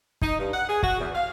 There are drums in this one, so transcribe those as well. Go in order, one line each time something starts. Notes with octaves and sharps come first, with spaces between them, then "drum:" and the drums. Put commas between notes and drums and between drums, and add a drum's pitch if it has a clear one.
D#4, drum: kick
G2
F#5
G#4
F#4, drum: kick
E2
F5